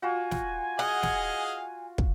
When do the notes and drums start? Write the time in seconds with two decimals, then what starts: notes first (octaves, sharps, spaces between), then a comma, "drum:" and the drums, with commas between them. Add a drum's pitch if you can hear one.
0.02 F4 F#4 G#5
0.31 drum: snare
0.79 G#4 D#5 F5 F#5
1.03 drum: snare
1.98 drum: kick